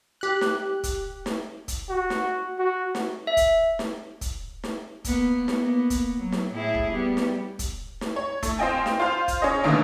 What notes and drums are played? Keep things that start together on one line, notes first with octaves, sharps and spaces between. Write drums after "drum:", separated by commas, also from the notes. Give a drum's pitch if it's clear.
G4 F#6
drum: snare
drum: kick, hi-hat
drum: snare
drum: kick, hi-hat
F#4
drum: snare
F#4
drum: snare
E5
drum: kick, hi-hat
drum: snare
drum: kick, hi-hat
drum: snare
A#3 B3, drum: kick, hi-hat
drum: snare
A#3 B3
drum: kick, hi-hat
F#3
drum: snare
A2 E4 G#4
drum: kick
G3 B3
drum: snare
drum: kick, hi-hat
drum: snare
C#5
A3, drum: kick, hi-hat
C4 F4 D#5 G5 G#5
drum: snare
F4 C5 F5
drum: kick, hi-hat
C#4 G#4 D#5
B2 D3 D#3 A3 A#3 C#4